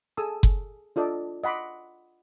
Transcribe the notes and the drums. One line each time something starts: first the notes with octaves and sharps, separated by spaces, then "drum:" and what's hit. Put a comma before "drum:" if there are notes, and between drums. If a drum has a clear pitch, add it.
G#4 A4 G#5 A5 D#6 E6
drum: kick F#1
D4 F4 A4 D5 D#5
D#5 F#5 B5 C6 D6